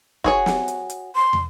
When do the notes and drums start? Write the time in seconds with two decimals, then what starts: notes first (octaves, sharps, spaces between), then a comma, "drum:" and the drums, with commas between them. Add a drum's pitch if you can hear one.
0.24 F#4 G#4 C#5, drum: kick
0.46 drum: snare
0.68 drum: hi-hat
0.90 drum: hi-hat
1.15 C6
1.33 drum: tom